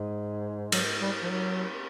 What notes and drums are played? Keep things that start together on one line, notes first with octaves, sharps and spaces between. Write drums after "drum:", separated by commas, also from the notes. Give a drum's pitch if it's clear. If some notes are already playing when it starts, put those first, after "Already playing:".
Already playing: G#2
F#3, drum: cymbal
G3
F3
F#3